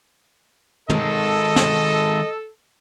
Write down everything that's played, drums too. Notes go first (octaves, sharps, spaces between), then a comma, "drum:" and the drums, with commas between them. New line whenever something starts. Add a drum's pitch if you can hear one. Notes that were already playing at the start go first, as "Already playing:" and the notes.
D#3 G#3 A4 D#5, drum: tom
drum: snare